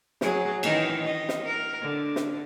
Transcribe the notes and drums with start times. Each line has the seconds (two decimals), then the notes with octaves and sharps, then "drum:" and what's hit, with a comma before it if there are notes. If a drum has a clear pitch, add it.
0.21 F#3 G#4, drum: snare
0.63 D#3 E3 D#4, drum: cymbal
1.04 D#5
1.29 drum: snare
1.44 A#4
1.82 D3
2.16 drum: snare